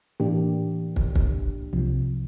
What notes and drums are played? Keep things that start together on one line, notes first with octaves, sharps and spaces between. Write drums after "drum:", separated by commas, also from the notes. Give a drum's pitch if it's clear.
A2 E3 A#3 D4 G4
drum: kick
drum: kick
C2 C3 F3